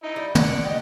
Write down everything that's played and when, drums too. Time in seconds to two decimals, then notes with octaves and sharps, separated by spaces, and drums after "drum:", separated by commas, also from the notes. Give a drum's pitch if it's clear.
0.03 D#4 E4
0.16 G3
0.35 E4 G#4 D5 F#5, drum: tom
0.48 B2
0.64 D#4 G4 D5 D#5